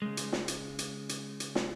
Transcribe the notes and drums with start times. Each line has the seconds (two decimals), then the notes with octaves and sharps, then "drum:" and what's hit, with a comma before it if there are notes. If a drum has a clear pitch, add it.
0.02 C#3 G#3
0.17 drum: hi-hat
0.33 drum: snare
0.48 drum: hi-hat
0.79 drum: hi-hat
1.09 drum: hi-hat
1.40 drum: hi-hat
1.55 drum: snare